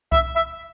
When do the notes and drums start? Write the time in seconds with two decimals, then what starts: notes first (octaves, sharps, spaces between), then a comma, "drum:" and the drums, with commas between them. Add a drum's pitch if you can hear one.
0.12 E5, drum: kick C2
0.36 E5